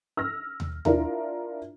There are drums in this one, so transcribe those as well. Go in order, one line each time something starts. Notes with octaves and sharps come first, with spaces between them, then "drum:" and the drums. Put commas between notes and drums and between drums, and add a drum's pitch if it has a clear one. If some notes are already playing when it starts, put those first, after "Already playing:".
E6 F6 A#6
drum: tom D#2
D4 E4 F4 A#4 E5, drum: tom D#2